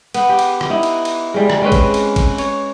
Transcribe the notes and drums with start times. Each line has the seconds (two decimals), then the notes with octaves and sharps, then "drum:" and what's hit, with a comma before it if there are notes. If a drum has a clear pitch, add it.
0.14 B3, drum: cymbal
0.29 G4
0.39 drum: cymbal
0.61 drum: rim click
0.70 D#4 E4
0.83 drum: cymbal
1.05 drum: cymbal
1.34 G3 G#3
1.50 drum: rim click
1.62 G#3 C4 C#4 B4
1.72 drum: kick, cymbal
1.94 drum: cymbal
2.16 drum: kick, cymbal
2.38 C#5, drum: cymbal